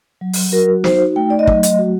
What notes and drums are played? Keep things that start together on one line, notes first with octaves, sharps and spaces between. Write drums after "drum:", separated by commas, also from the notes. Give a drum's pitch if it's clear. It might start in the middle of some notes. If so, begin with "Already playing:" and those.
F#3
drum: open hi-hat
F#4 A#4
D#4 C5, drum: snare
A3 G5
D5
D#5
F#3, drum: kick
D#5, drum: hi-hat
F#4